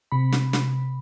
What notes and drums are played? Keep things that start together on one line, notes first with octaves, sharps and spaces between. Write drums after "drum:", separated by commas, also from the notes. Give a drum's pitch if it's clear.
C3 B5
drum: snare
drum: snare